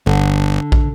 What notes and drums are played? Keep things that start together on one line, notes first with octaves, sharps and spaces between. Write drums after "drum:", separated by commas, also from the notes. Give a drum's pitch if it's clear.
G1 D3
drum: kick